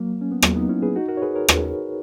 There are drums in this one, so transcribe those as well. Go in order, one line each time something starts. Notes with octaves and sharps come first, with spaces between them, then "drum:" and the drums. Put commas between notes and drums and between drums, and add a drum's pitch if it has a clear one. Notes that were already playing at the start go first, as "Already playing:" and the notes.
Already playing: F#3 A#3
C#4
B3
F#3 A#3, drum: rim click
B3 D#4
C#4 E4
G#4 B4
D#4 F#4
F#4 A#4
C#5
G#4 B4
A#4 C#5
G#4 B4, drum: rim click